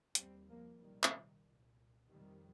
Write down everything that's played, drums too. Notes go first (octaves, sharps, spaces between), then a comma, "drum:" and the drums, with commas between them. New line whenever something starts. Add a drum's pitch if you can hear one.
D#2 G3 C4, drum: hi-hat
F3 A#3
C2 A#2 D#3 G3
drum: clap
C2 A#2
F2 C3 D#3 G3